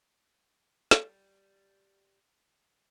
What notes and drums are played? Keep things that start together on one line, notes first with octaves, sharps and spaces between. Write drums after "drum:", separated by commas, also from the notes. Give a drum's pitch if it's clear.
G4 D5, drum: snare